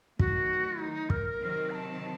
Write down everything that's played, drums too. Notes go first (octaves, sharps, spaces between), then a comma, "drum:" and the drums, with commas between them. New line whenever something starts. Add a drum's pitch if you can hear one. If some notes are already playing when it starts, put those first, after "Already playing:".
D#3 F#3 A3 F#4, drum: kick
D#4
A#4, drum: kick
C3 D#3 F#3 C4 D#4
A#5
A5